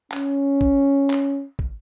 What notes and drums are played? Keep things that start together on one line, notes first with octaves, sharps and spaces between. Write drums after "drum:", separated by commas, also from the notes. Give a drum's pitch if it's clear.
C#4, drum: clap
drum: kick
drum: clap
drum: kick